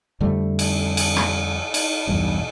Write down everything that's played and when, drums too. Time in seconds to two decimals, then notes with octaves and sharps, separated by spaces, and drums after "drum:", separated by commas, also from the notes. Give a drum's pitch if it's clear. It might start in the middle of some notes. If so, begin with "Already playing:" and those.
0.20 F2 D3 G3 A3
0.59 drum: cymbal
0.97 drum: cymbal
1.16 drum: rim click
1.74 drum: cymbal
2.07 B1 E2 G2